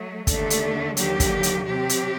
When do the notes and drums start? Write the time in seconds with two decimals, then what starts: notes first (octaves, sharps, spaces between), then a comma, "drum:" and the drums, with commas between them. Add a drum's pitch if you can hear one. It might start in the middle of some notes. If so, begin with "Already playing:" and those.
Already playing: F#3 A3
0.27 D#2 D3 A3 D4 A4, drum: kick, hi-hat
0.50 drum: hi-hat
0.97 D#2 D3 F#3 A#3 G4, drum: hi-hat
1.20 drum: kick, hi-hat
1.43 drum: hi-hat
1.66 C3 F#3 C4 G4
1.89 drum: hi-hat